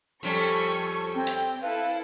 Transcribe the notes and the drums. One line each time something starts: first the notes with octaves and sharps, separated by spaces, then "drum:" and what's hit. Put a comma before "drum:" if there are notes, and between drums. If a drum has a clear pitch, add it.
F2 G3 C#4 A4 C#6, drum: open hi-hat
C4 G5
drum: hi-hat
C4 E4 A4 B4 F5